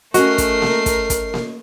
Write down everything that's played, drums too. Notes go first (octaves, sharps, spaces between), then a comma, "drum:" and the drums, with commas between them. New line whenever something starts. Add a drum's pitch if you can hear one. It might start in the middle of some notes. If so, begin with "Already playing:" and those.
A3 C#4 F#4 A#4 D#5 C7, drum: hi-hat
drum: kick, hi-hat
drum: snare A#3
drum: kick, hi-hat
drum: kick, hi-hat
drum: snare A#3